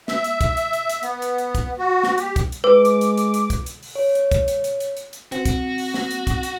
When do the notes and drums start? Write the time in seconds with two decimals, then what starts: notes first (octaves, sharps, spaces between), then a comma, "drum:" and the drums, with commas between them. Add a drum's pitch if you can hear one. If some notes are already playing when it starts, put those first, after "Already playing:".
0.08 E5, drum: snare
0.24 drum: hi-hat
0.41 drum: kick, hi-hat
0.57 drum: hi-hat
0.73 drum: hi-hat
0.90 drum: hi-hat
1.03 B3, drum: hi-hat
1.22 drum: hi-hat
1.38 drum: hi-hat
1.55 drum: kick, hi-hat
1.79 F#4
2.03 drum: snare
2.18 G4, drum: hi-hat
2.36 drum: kick, hi-hat
2.52 drum: hi-hat
2.64 G#3 B4 D6
2.85 drum: hi-hat
3.01 drum: hi-hat
3.17 drum: hi-hat
3.34 drum: hi-hat
3.50 drum: kick, hi-hat
3.66 drum: hi-hat
3.83 drum: open hi-hat
3.95 C#5
4.15 drum: hi-hat
4.31 drum: kick, hi-hat
4.48 drum: hi-hat
4.64 drum: hi-hat
4.80 drum: hi-hat
4.97 drum: hi-hat
5.13 drum: hi-hat
5.32 C4 F#4, drum: hi-hat
5.45 drum: kick, hi-hat
5.78 drum: open hi-hat
5.94 drum: snare
6.11 drum: hi-hat
6.27 drum: kick, hi-hat
6.43 drum: hi-hat